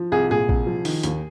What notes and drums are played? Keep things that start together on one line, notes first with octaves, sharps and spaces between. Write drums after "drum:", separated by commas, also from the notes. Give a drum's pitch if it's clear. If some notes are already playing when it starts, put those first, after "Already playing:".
Already playing: F3
C2 G#4
A#2 G#4
C2, drum: kick
F3
D#3, drum: open hi-hat
D#2, drum: hi-hat